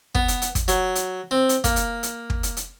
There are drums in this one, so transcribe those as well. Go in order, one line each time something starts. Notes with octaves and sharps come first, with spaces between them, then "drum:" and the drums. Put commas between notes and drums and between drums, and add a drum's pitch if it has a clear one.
B3, drum: kick
drum: hi-hat
drum: hi-hat
drum: kick, hi-hat
F#3, drum: hi-hat
drum: hi-hat
C4
drum: hi-hat
A#3, drum: kick, hi-hat
drum: hi-hat
drum: hi-hat
drum: kick
drum: hi-hat
drum: hi-hat